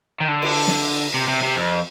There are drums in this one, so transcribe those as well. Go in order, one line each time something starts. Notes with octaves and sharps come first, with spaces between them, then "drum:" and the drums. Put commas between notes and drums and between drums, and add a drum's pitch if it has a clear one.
D#3
D3
drum: cymbal
drum: snare
C3
C3
C3
F2